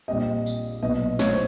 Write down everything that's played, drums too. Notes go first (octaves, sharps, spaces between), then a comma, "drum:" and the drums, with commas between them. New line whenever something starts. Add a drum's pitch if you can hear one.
A#1 A#2 G3 C4 D#5
drum: tambourine
B1 A#2 F#3 B3 D#5
C#5, drum: snare
C5